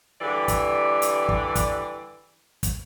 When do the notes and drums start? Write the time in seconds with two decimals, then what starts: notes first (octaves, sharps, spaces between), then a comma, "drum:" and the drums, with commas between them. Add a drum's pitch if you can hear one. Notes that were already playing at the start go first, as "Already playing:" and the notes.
0.21 G2 D3 E3 G4 D5
0.48 drum: kick, hi-hat
1.02 drum: hi-hat
1.29 drum: kick
1.55 drum: kick, hi-hat
2.63 drum: kick, hi-hat